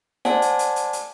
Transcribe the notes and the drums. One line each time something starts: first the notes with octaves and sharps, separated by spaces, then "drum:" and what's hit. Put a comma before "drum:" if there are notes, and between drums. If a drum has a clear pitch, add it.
C5 D5 F#5 G#5 A5, drum: snare
drum: hi-hat
drum: hi-hat
drum: hi-hat
drum: hi-hat